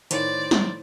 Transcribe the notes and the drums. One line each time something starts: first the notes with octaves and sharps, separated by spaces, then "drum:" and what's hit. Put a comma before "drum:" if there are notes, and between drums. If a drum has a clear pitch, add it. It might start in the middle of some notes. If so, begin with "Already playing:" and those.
A2 D#3 C5 D5, drum: hi-hat
drum: snare